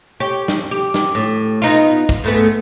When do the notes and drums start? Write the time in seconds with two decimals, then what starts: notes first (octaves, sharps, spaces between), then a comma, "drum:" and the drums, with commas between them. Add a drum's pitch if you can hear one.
0.20 G4 C#5
0.48 drum: snare
0.71 G4
0.94 drum: snare
1.15 A2
1.62 B3 D#4 F4
2.09 drum: kick
2.24 G#2 A3 B3